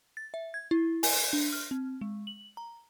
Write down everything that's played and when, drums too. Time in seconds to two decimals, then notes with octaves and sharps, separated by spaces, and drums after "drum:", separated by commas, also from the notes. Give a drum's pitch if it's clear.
0.17 A6
0.34 E5
0.54 G#6
0.71 E4
1.03 G#5, drum: open hi-hat
1.33 D4
1.53 F6
1.71 C4
2.01 G#3
2.27 F#7
2.57 A#5